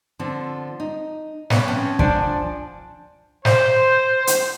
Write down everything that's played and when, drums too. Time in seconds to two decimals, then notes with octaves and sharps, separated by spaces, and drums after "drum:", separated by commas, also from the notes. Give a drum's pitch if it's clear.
0.19 D3 F3 C4
0.80 D#4
1.50 B3 B4 C#5, drum: snare
1.68 F3 C4 C#4
1.99 F3 D4 C5 D5 F#5 G#5, drum: kick
3.45 C5, drum: snare
4.27 drum: hi-hat